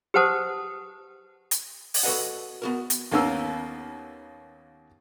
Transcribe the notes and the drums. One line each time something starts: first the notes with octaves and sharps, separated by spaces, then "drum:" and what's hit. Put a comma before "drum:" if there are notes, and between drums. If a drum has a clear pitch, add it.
G4 B4 C5 F#5 A5 D#6
drum: hi-hat
drum: open hi-hat
F#4 A4 B4 D#5 F#5
B3 F#4 A#4
drum: hi-hat
D#2 A#3 B3 C#4 A#4 E6